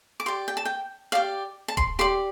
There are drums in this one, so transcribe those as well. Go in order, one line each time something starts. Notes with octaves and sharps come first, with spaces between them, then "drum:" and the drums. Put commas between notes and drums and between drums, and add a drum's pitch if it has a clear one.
D6
G4 D5 C6
G5
A5
G5
G4 D5 F5
A5
C6, drum: kick D#1
G4 D5 C6